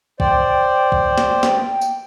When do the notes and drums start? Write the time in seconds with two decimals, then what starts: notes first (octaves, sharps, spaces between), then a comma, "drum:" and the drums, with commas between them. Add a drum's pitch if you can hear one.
0.20 C5 D5 G5, drum: kick
0.92 drum: kick
1.18 drum: snare
1.43 drum: snare
1.81 drum: tambourine